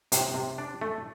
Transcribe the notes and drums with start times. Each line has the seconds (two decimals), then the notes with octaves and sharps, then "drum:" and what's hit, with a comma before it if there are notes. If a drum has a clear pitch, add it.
0.12 C3, drum: hi-hat
0.34 C3
0.58 D4
0.81 A3